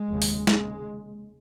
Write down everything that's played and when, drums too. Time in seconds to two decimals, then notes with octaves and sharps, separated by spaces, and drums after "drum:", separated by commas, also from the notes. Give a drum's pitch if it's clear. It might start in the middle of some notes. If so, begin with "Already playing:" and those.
Already playing: G#3
0.10 F1 D#2 C#3
0.22 drum: open hi-hat
0.47 F1 D#2 C#3 G#3, drum: snare